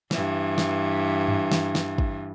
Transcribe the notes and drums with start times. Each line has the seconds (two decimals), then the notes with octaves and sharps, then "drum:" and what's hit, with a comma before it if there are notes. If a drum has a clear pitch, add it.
0.11 G2 E3, drum: snare
0.58 drum: snare
1.28 drum: tom G2
1.52 drum: snare
1.75 drum: snare
1.98 drum: kick